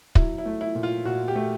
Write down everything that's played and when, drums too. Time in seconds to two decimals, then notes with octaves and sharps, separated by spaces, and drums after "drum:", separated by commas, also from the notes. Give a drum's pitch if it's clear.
0.15 F#3 E4, drum: kick
0.38 E4
0.46 A3
0.61 E4
0.75 A#2
0.83 F4
1.05 A#2 F#4
1.28 G4
1.35 A3